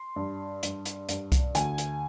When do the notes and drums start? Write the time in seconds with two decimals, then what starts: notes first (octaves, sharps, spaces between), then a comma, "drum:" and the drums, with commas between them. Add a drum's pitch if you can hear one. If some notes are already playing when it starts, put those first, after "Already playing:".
Already playing: C6
0.16 G2
0.63 G2, drum: hi-hat
0.85 drum: hi-hat
1.09 G2, drum: hi-hat
1.32 drum: kick C2, hi-hat
1.55 D2 G#5, drum: hi-hat
1.78 drum: hi-hat